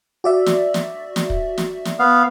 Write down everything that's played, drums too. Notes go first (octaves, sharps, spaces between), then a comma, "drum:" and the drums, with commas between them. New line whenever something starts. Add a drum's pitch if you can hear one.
F#4 D5 E5
drum: snare
drum: snare
drum: snare
drum: kick
drum: snare
drum: snare
B3 F5